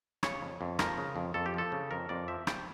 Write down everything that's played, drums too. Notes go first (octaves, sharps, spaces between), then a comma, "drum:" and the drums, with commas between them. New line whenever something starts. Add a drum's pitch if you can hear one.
C#3 C#5, drum: rim click
F2
F2
F3 A#4, drum: rim click
C#3
F2
F2 A4
G4
F3 A4
C#3
F2 A#4
F2 D5
F3 E5
F3 G5, drum: rim click